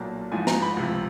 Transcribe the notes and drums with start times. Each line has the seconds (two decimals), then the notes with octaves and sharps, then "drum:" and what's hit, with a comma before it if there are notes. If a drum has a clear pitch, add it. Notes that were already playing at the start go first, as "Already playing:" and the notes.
Already playing: B1 A#2 F#3 A#3 A5
0.31 A1 G#2 F3 G#5
0.47 A#5, drum: snare
0.62 B5
0.77 C#2 C3 F3